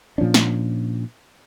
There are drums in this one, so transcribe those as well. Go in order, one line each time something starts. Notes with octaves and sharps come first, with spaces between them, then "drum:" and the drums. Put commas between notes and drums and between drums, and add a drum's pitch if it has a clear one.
A#2 F3 C#4 D4
drum: snare